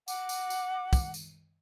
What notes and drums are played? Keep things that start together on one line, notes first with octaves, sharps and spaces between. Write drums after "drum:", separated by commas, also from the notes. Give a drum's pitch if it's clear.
F#5 D6, drum: tambourine
drum: tambourine
drum: tambourine
drum: kick, tambourine
drum: tambourine